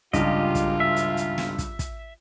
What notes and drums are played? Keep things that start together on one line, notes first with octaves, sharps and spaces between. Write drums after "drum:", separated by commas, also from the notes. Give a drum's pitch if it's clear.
G#1 C#2 G2 F4 G4 D#5, drum: kick, hi-hat
drum: kick, hi-hat
E5
drum: hi-hat
drum: hi-hat
drum: snare
drum: kick, hi-hat
drum: kick, hi-hat